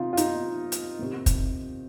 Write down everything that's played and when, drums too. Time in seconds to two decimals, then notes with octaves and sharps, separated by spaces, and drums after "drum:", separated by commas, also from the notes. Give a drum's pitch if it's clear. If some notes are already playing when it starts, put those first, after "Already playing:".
Already playing: C3 D#3 D#4 F4
0.13 F4
0.17 D#4, drum: hi-hat
0.72 drum: hi-hat
0.99 C3 D#3
1.26 drum: kick, hi-hat